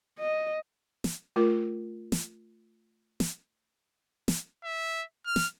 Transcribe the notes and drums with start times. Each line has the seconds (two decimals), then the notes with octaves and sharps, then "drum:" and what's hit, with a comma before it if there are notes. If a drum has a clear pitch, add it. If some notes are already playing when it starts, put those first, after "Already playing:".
0.19 D#5
1.04 drum: snare
1.36 A3 F4 A#4
2.12 drum: snare
3.20 drum: snare
4.28 drum: snare
4.64 E5
5.26 F6
5.36 drum: snare